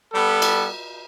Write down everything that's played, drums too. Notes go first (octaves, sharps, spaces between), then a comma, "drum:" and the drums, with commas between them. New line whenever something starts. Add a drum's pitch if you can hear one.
G3 B3 A4
drum: cymbal